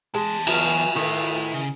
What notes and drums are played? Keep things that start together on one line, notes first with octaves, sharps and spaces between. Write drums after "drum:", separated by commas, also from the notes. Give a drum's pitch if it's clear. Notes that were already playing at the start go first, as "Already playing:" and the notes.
E2 G#3 A5
F#3 G#4 F5, drum: cymbal
D#3 E3 E4 A4
C#3